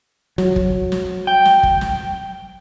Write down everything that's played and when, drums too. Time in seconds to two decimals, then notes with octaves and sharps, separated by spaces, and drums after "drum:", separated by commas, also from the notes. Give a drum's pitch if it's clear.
0.38 F#3, drum: snare
0.56 drum: kick G1
0.92 drum: snare
1.27 G5
1.45 drum: snare
1.63 drum: kick G1
1.81 drum: snare